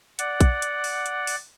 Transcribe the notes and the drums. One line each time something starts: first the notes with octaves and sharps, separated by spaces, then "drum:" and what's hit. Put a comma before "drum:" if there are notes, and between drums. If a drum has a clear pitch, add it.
D5 F#5, drum: hi-hat
drum: kick A#1, hi-hat
drum: hi-hat
drum: open hi-hat
drum: hi-hat
drum: open hi-hat